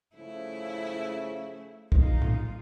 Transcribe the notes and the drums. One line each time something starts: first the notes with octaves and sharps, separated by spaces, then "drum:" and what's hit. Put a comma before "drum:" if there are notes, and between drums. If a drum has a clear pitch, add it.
C#3 F3 A3 E4
G#3 D#4 F4, drum: kick
drum: tom